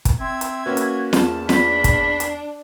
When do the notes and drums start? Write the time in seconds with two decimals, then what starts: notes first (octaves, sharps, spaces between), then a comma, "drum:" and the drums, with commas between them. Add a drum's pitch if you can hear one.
0.05 drum: kick, hi-hat
0.21 C4 E5 G#6
0.41 drum: hi-hat
0.66 A#3 C#4 F#4 B4
0.77 drum: hi-hat
1.13 E2 A5, drum: snare
1.49 D4 B5, drum: snare
1.84 drum: kick, hi-hat
2.20 drum: hi-hat